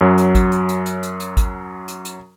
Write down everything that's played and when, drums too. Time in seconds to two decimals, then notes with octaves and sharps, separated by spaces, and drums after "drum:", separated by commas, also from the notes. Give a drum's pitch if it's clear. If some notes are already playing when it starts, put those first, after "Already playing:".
0.01 F#2 F#3
0.18 drum: hi-hat
0.35 drum: kick, hi-hat
0.52 drum: hi-hat
0.69 drum: hi-hat
0.86 drum: hi-hat
1.03 drum: hi-hat
1.20 drum: hi-hat
1.37 drum: kick, hi-hat
1.88 drum: hi-hat
2.05 drum: hi-hat